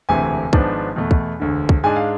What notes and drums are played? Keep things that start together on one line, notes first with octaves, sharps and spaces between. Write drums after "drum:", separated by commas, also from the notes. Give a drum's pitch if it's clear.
E1 D2 C3 E3 A3 G#5
G#1 G#2 F3 B3 D4, drum: kick
E2 B2 A3
drum: kick
E1 D2 D3
drum: kick
G#2 G#3 D4 G#5
F5